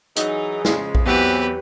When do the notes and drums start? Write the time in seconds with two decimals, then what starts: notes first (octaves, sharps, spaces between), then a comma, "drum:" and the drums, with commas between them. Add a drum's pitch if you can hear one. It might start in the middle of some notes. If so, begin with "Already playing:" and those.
0.16 E3 F#3 D#4 G#4, drum: hi-hat
0.65 C#3 F3 G#3, drum: snare
0.95 drum: kick A#1
1.06 E2 E3 F#3 C4 G4 B4